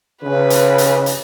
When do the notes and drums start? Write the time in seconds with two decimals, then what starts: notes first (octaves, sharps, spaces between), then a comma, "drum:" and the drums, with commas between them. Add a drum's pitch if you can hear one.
0.22 C#3 B4
0.50 drum: hi-hat
0.78 drum: hi-hat
1.06 drum: hi-hat